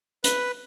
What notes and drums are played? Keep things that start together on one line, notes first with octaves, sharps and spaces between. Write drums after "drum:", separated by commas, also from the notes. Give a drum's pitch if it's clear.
B4, drum: hi-hat